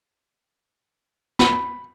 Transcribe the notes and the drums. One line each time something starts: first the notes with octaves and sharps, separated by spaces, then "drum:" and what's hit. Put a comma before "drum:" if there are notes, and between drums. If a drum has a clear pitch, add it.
B5, drum: snare